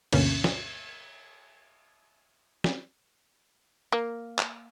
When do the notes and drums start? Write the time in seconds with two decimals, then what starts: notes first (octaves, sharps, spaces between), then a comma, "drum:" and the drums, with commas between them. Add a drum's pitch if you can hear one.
0.12 D2 G2 B2 D3 A#3 C#4, drum: cymbal
0.44 drum: snare
2.64 drum: snare
3.92 A#3
4.39 drum: clap